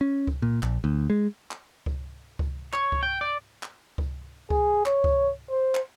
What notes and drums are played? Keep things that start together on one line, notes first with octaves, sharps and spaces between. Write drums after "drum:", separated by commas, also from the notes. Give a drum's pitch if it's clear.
C#4
drum: kick C#2
A#2
A#1, drum: clap
D2
G#3
drum: clap
drum: kick C#2
drum: kick C#2
C#5, drum: clap
drum: kick C#2
G5
D5
drum: clap
drum: kick C#2
G#4, drum: kick C#2
C#5, drum: clap
drum: kick C#2
C5
drum: clap